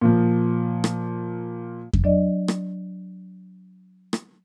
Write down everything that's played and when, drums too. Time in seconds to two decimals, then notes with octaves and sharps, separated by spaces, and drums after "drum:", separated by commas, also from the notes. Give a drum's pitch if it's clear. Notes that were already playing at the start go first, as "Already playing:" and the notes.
0.01 A#2 F3
0.84 drum: rim click
1.93 drum: kick F2
2.04 F#3 D4 D5 D#5
2.48 drum: rim click
4.13 drum: rim click